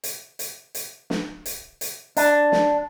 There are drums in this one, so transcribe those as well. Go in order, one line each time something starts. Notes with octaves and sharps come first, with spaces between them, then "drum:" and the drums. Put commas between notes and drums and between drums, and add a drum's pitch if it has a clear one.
drum: hi-hat
drum: hi-hat
drum: hi-hat
drum: snare
drum: hi-hat
drum: hi-hat
D4, drum: hi-hat
drum: snare